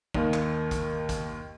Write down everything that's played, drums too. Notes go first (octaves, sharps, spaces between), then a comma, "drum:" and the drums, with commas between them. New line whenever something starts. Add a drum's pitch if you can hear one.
D#2 D#3 A#3 D#4, drum: kick
drum: clap
drum: kick, hi-hat
drum: kick, hi-hat